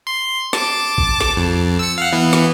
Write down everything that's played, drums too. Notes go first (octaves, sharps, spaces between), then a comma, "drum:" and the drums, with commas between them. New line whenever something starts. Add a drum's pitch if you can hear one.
C6
A5 D6, drum: snare
drum: kick A1
drum: snare
F2
E6 C#7
F5 F#5
E3 B3
drum: snare